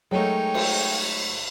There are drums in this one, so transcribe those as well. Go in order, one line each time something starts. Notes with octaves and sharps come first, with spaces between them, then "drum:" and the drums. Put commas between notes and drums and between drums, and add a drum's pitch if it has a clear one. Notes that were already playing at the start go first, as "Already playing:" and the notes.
F#3 G#3 A3 D#4 A#4 C#5 F#5 G5
drum: cymbal